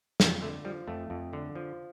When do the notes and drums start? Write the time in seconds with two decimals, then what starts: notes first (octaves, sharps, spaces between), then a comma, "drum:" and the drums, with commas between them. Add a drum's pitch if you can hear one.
0.20 F2 A#3, drum: snare
0.42 D3 A3
0.65 F3 G3
0.88 F2 A3
1.10 F2
1.33 D3
1.55 F3